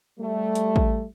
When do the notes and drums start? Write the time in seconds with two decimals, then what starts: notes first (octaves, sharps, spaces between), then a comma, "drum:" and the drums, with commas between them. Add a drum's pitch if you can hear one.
0.19 G3 A3
0.55 drum: hi-hat
0.76 drum: kick A1